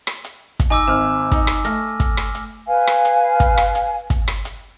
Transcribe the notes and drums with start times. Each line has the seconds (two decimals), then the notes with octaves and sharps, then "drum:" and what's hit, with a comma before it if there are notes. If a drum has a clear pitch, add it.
0.07 drum: rim click
0.24 drum: hi-hat
0.60 drum: kick, hi-hat
0.70 D#4 D#5 G#5 D6 E6
0.88 G#1 F6 E7
1.32 D#4, drum: kick, hi-hat
1.47 drum: rim click
1.65 A3 F6 A#6, drum: hi-hat
2.00 drum: kick, hi-hat
2.17 drum: rim click
2.35 drum: hi-hat
2.66 B4 F5 G#5
2.87 drum: rim click
3.05 drum: hi-hat
3.40 drum: kick, hi-hat
3.57 drum: rim click
3.75 drum: hi-hat
4.10 drum: kick, hi-hat
4.28 drum: rim click
4.45 drum: hi-hat